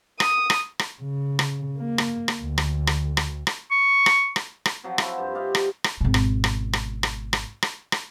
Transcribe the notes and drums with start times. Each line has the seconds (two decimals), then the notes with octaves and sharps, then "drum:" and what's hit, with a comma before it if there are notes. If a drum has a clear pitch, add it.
0.20 D#6, drum: rim click
0.50 drum: rim click
0.79 drum: rim click
1.02 C#3
1.39 drum: rim click
1.77 A#3
1.98 drum: rim click
2.28 drum: rim click
2.41 D2
2.58 drum: rim click
2.87 drum: rim click
3.17 drum: rim click
3.47 drum: rim click
3.71 C#6
4.06 drum: rim click
4.36 drum: rim click
4.66 drum: rim click
4.84 F3 F#3 C4
4.98 F3 E4 F#4 E5, drum: rim click
5.17 G2 C5
5.35 F4 G4 D#5 F5
5.55 drum: rim click
5.84 drum: rim click
6.01 G#1 B2
6.14 drum: rim click
6.44 drum: rim click
6.73 drum: rim click
7.03 drum: rim click
7.33 drum: rim click
7.62 drum: rim click
7.92 drum: rim click